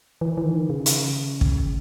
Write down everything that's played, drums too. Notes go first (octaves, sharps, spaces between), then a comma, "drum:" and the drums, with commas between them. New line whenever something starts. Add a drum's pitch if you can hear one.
E3
E3
D#3
C#3
drum: hi-hat
drum: kick